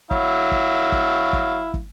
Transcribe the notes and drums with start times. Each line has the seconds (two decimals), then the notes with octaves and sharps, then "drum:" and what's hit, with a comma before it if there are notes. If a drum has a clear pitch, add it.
0.11 F#3 E4 F5, drum: kick
0.52 drum: kick
0.92 drum: kick
1.33 drum: kick
1.74 drum: kick